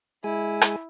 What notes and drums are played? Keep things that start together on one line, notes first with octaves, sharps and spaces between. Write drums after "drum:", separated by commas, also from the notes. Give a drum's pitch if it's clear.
G#3 E4 G#4 G#5
drum: rim click